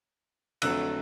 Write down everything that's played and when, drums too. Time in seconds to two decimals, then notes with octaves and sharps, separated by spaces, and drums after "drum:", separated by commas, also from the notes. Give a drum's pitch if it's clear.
0.62 F2 D3 F#3 A3 E6 F#6, drum: cymbal